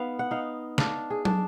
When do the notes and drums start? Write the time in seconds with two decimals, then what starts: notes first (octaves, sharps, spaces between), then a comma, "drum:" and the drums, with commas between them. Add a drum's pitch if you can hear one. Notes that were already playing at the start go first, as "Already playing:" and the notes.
Already playing: B3 D#4 F5
0.19 F#5
0.31 D#4 F5
0.78 D4 F5, drum: snare
1.10 G#4
1.25 D4, drum: tom